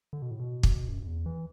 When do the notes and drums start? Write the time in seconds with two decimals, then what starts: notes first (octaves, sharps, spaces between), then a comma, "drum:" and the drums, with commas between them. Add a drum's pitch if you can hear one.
0.13 D3
0.22 B2
0.31 A2
0.40 B2
0.63 drum: kick
0.89 F#2
1.03 F#2
1.07 E2
1.26 E3